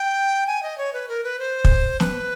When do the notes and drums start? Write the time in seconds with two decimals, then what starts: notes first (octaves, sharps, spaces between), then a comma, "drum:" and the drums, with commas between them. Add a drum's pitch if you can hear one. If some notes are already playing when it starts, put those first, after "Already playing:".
Already playing: G5
0.47 G#5
0.63 D#5
0.78 C#5
0.93 B4
1.08 A#4
1.24 B4
1.39 C5
1.65 drum: kick
2.00 B4, drum: snare